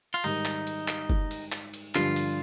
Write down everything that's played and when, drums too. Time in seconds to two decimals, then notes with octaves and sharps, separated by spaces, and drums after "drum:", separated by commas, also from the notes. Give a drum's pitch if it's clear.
0.14 F4
0.24 G#2 D#3 G3 D#4, drum: cymbal
0.45 drum: clap
0.67 drum: cymbal
0.88 drum: clap
1.10 drum: kick F#1
1.31 drum: cymbal
1.52 drum: clap
1.74 drum: cymbal
1.95 G2 D3 F3 F4, drum: clap
2.16 drum: cymbal